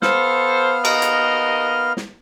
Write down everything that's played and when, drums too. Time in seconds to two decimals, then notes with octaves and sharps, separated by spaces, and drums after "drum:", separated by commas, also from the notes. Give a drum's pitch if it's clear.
0.02 B3 A4 C5 F5 F6, drum: snare
0.85 D#2 A#4 D#5, drum: cymbal
1.02 drum: hi-hat
1.97 drum: snare